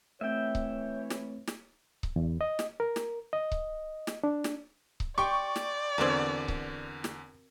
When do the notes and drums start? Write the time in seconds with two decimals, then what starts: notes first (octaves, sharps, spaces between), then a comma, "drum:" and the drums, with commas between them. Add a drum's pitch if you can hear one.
0.21 E3 A3 C4 B4 C#5 E5 G5
0.55 drum: kick C#1
1.10 drum: snare
1.47 drum: snare
2.03 drum: kick C#1
2.16 E2
2.41 D#5
2.59 drum: snare
2.80 A#4
2.96 drum: snare
3.33 D#5
3.52 drum: kick C#1
4.07 drum: snare
4.24 D4
4.44 drum: snare
5.00 drum: kick C#1
5.18 G4 D5 G5 C6 C#6
5.56 drum: snare
5.98 E2 D3 C4 F#4 A#4 G#6
6.48 drum: kick C#1
7.04 drum: snare